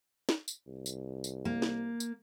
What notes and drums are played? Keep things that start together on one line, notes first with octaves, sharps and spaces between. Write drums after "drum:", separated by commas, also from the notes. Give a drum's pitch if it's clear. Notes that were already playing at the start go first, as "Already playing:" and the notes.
drum: snare
drum: tambourine
C2
drum: tambourine
drum: tambourine
A#3
drum: snare
drum: tambourine